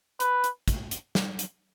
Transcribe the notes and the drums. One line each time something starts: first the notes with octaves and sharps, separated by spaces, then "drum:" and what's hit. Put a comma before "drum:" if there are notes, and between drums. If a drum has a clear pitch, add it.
B4, drum: hi-hat
drum: hi-hat
drum: kick, hi-hat
drum: hi-hat
drum: snare
drum: hi-hat